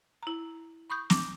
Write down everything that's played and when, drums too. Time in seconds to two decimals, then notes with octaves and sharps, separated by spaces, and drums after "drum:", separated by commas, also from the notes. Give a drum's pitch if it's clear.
0.23 E4 A#5
0.90 B5 C#6 D#6 G6
1.10 D6 A#6, drum: snare